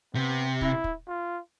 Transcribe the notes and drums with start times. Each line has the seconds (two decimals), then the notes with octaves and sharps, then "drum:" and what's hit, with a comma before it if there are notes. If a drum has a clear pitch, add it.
0.15 C3 B3
0.61 E4, drum: kick
0.84 drum: kick
1.07 F4